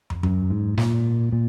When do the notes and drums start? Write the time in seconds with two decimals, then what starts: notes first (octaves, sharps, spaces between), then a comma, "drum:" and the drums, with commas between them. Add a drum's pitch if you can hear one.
0.10 drum: tom
0.23 F#2, drum: tom
0.50 G#2
0.78 A#2, drum: snare
1.32 A#2